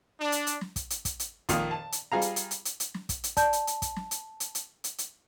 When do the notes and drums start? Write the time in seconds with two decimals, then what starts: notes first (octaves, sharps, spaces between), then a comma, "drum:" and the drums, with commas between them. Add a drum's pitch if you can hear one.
0.19 D4
0.32 drum: hi-hat
0.47 drum: hi-hat
0.61 drum: snare
0.76 drum: kick, hi-hat
0.90 drum: hi-hat
1.05 drum: kick, hi-hat
1.20 drum: hi-hat
1.49 F2 A#2 D#3 A#3, drum: kick, hi-hat
1.71 A5
1.92 drum: hi-hat
2.12 G3 F4 G#4 F5 A#5
2.22 drum: hi-hat
2.36 drum: hi-hat
2.51 drum: hi-hat
2.65 drum: hi-hat
2.80 drum: hi-hat
2.94 drum: snare
3.09 drum: kick, hi-hat
3.24 drum: hi-hat
3.37 D5 A5 G6, drum: kick, hi-hat
3.53 drum: hi-hat
3.67 drum: hi-hat
3.82 drum: kick, hi-hat
3.96 drum: snare
4.11 drum: hi-hat
4.40 drum: hi-hat
4.55 drum: hi-hat
4.84 drum: hi-hat
4.98 drum: hi-hat